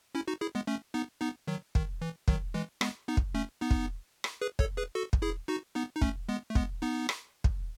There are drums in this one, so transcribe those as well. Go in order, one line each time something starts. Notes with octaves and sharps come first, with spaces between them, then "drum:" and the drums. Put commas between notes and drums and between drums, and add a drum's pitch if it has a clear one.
C#4 E4
D#4 F#4
E4 G#4
G#3 B3
A3 C#4
B3 D#4
B3 D#4
D#3 F#3
D#3, drum: kick
E3
D#3 F#3, drum: kick
E3 G#3
G#3 B3, drum: rim click
B3 D#4
drum: kick
A3 C#4
B3 D#4
drum: kick
drum: rim click
G#4 B4
A4 C#5, drum: kick
G#4 B4
F#4 A4
drum: kick
E4 G#4
D#4 F#4
B3 D#4
D#4
A3 C#4, drum: kick
G#3 B3
A3
G#3 B3, drum: kick
B3 D#4
drum: rim click
drum: kick